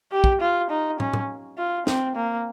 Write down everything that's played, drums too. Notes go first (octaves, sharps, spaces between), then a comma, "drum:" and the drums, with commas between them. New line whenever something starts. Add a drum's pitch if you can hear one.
G4
drum: kick
F4
D#4
C#4, drum: tom
drum: tom
F4
C4, drum: snare
A#3